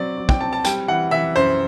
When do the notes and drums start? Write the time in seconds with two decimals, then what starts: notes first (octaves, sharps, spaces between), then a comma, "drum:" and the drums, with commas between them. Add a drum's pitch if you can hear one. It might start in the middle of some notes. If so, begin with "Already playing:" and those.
Already playing: F#3 C4 D5
0.17 F#3
0.29 G5, drum: kick
0.41 C4 A5
0.53 A5
0.64 G3 G5, drum: hi-hat
0.88 E3 F#5
1.11 E3 E5
1.36 F#2 C5